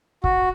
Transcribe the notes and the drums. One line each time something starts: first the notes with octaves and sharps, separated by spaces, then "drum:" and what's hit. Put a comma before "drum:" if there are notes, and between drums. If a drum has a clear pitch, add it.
F#4, drum: kick